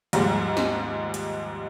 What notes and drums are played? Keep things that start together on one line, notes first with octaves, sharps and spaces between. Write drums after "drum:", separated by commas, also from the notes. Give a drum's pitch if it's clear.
D#2 G#2 F3 G3 G#3, drum: hi-hat
drum: snare
drum: hi-hat